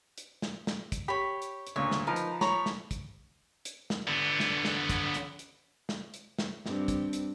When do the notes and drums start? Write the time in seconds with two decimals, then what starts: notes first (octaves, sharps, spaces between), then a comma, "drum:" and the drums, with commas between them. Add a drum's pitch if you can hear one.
0.18 drum: hi-hat
0.42 drum: snare
0.67 drum: snare
0.92 drum: kick, hi-hat
1.08 G4 C#5 B5
1.42 drum: hi-hat
1.67 drum: hi-hat
1.76 D2 A#2 C#5
1.91 drum: snare
2.07 F3 D#4 A#4 B4
2.16 drum: hi-hat
2.41 C#5 A#5 B5, drum: snare
2.66 drum: snare
2.91 drum: kick, hi-hat
3.65 drum: hi-hat
3.90 drum: snare
4.07 D3 B3
4.40 drum: snare
4.65 drum: snare
4.89 drum: kick, hi-hat
5.14 drum: hi-hat
5.39 drum: hi-hat
5.89 drum: snare
6.14 drum: hi-hat
6.39 drum: snare
6.66 G2 C4, drum: snare
6.88 drum: kick, hi-hat
7.13 drum: hi-hat